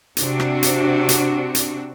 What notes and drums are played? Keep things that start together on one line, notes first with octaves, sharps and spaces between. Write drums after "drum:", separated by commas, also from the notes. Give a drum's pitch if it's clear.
C3 C4 D4 F#4, drum: hi-hat
drum: rim click
drum: hi-hat
drum: hi-hat
drum: hi-hat